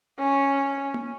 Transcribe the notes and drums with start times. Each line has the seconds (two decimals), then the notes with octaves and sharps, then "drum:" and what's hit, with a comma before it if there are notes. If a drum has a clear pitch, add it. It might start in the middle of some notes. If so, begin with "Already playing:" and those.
0.19 C#4
0.94 drum: tom A#3